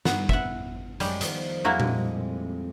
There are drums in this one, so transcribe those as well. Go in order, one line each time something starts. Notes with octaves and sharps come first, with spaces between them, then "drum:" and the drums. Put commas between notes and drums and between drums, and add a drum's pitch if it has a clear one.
G2 D#3 B3, drum: snare
B3 E4 E5 F#5, drum: kick
F#2 G3 G#3, drum: hi-hat
D#3 F3 B3, drum: hi-hat
F2 G3 G#3 A#3 E4 F#4
drum: tom A#2